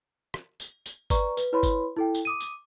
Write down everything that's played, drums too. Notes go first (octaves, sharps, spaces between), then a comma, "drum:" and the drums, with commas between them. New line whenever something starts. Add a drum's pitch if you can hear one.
drum: rim click
drum: tambourine
drum: tambourine
B4 D5 A#5 C#6, drum: kick G1, tambourine
B4, drum: tambourine
E4 B4 C#5 B5 C6
drum: kick G1, tambourine
E4 A4 G5
drum: tambourine
D6 D#6 D#7
drum: tambourine